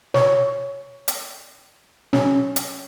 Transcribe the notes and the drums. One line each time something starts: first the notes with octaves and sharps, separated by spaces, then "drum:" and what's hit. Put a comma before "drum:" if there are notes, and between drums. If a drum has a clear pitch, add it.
C#5, drum: snare
drum: hi-hat
C#4, drum: snare
drum: hi-hat